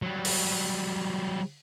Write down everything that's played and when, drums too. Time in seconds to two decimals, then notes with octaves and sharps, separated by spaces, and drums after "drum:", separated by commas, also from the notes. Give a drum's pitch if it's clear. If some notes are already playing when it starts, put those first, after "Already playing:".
0.02 F#3 G3
0.25 drum: open hi-hat